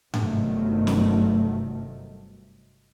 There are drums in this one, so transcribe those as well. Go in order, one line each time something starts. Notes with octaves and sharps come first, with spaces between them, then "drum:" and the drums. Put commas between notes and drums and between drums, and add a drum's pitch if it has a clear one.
G1 G2 C3 D#3 F#3 A3, drum: tom G#2
drum: snare